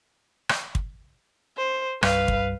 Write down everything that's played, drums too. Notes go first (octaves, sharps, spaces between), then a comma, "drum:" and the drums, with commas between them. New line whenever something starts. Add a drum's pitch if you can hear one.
drum: rim click
drum: kick
C5
C2 G2 G3 B4 F5, drum: rim click
drum: kick